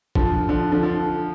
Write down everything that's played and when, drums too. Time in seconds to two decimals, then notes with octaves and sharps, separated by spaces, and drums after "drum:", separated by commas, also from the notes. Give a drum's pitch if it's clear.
0.15 D3 F3, drum: kick
0.49 D3 F3
0.72 D3 F3
0.83 D3 F3